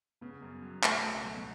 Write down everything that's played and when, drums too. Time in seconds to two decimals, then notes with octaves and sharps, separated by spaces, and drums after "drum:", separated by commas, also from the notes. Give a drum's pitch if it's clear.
0.21 C#3 B3
0.42 F#2
0.62 F#3
0.83 B2 A3, drum: clap
1.04 C#2
1.25 F#3
1.34 B3